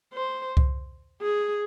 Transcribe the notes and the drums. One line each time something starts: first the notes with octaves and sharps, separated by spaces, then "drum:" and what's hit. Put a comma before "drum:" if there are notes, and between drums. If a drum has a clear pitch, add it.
C5
drum: kick C2
G#4